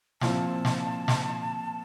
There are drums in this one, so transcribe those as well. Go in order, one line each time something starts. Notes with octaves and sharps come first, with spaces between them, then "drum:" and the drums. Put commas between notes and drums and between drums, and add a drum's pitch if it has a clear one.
A#2 F3 C4 E4 A5, drum: snare
drum: snare
drum: snare